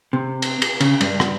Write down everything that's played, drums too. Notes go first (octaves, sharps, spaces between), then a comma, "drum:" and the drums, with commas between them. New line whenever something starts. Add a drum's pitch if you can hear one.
C3
drum: cymbal
drum: cymbal
C#3, drum: cymbal
G2, drum: cymbal
drum: rim click